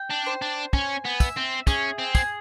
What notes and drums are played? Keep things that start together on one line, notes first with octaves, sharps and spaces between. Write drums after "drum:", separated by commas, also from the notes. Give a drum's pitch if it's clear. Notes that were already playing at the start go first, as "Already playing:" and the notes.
Already playing: G5
D4
C5
D4
C#4 G#5, drum: kick
B3
E5, drum: kick, tambourine
C4
C#4 G#4, drum: kick, tambourine
C4
G#4, drum: kick, tambourine